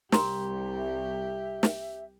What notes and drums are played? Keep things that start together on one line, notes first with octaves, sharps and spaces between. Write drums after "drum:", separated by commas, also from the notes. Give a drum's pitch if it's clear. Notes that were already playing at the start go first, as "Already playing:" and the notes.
C2 G4 A#4 A#5 C6, drum: snare
E5
drum: snare